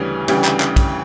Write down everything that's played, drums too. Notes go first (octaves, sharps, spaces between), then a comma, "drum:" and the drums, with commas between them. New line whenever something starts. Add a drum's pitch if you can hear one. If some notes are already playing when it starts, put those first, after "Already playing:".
Already playing: D2 C#3 E3 G3 B3 C#4
D2 C#3 E3 G3 G4 G5, drum: cymbal
drum: clap
drum: clap
drum: kick, cymbal